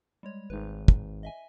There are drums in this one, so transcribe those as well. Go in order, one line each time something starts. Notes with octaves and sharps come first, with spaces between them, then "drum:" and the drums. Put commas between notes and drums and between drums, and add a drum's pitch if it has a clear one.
G3 G#3 C#5
G#1 D#4 B4
drum: kick
D#5 E5 G#5